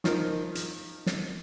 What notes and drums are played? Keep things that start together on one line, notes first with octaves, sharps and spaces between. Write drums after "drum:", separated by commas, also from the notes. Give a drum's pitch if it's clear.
D#3 F3 A#4, drum: snare
drum: hi-hat
drum: snare